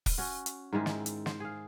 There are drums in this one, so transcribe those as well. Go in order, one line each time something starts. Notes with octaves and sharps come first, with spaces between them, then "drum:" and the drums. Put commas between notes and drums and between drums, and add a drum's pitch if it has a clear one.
drum: kick, open hi-hat
C#4 F#4
drum: hi-hat
G#2 D#3 G#3 E4
drum: snare
drum: hi-hat
C5, drum: snare
G#4 F5